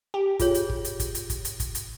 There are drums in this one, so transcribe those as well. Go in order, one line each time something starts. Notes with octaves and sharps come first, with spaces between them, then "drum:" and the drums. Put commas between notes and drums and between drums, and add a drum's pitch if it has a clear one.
G4
F4 G#4 C#5, drum: kick, hi-hat
drum: hi-hat
drum: kick
drum: hi-hat
drum: kick, hi-hat
drum: hi-hat
drum: kick, hi-hat
drum: hi-hat
drum: kick, hi-hat
drum: hi-hat